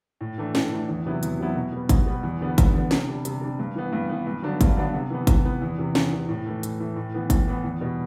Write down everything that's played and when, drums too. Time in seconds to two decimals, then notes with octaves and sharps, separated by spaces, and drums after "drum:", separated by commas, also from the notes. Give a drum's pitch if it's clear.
0.21 A2
0.38 E3 A3 D4
0.55 A2, drum: snare
0.71 E3 A3 D4
0.89 E2
1.06 C3 F#3 B3 E4
1.23 E2, drum: hi-hat
1.39 C3 F#3 B3 E4
1.56 B2
1.72 G3 B3
1.89 B2, drum: kick G#1, hi-hat
2.06 G3 B3
2.23 E2
2.40 D3 G3 B3
2.58 E2, drum: kick G#1, hi-hat
2.74 D3 G3 B3
2.91 C3, drum: snare
3.08 G3 D4
3.25 C3, drum: hi-hat
3.41 G3 D4
3.59 G2
3.75 E3 B3
3.93 G2
4.09 E3 B3
4.27 G2
4.43 D3 F#3 B3 D4
4.61 G2, drum: kick G#1, hi-hat
4.77 D3 F#3 B3 D4
4.94 C3
5.10 E3 B3
5.27 C3, drum: kick G#1, hi-hat
5.44 E3 B3
5.62 E2
5.78 C3 E3
5.95 E2, drum: snare
6.13 C3 E3
6.29 A2
6.46 E3 A3
6.63 A2, drum: hi-hat
6.80 E3 A3
6.96 A2
7.14 E3 B3
7.30 A2, drum: kick G#1, hi-hat
7.48 E3 B3
7.64 E2
7.81 B2 G3